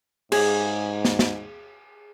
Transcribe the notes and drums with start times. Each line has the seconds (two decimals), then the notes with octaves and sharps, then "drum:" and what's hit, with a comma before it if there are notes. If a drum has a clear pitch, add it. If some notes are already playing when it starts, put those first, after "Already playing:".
0.32 G#2 G#4, drum: cymbal
1.05 drum: snare
1.19 drum: snare